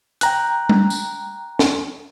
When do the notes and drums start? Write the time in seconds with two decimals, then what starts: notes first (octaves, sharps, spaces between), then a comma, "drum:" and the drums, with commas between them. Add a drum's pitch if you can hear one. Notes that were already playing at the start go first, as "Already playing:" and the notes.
0.21 G5 A#5 F#6, drum: hi-hat
0.69 drum: tom G3
0.90 drum: tambourine
1.59 drum: snare